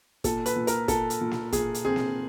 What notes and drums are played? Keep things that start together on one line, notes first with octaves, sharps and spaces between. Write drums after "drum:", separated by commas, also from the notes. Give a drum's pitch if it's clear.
A#2 A4, drum: kick, hi-hat
B4, drum: hi-hat
A#2
A#4, drum: hi-hat
A#2 A4, drum: kick, hi-hat
drum: hi-hat
A#2
drum: snare A#3
A#2 G#4, drum: kick, hi-hat
drum: hi-hat
C4 G#4
drum: snare A#3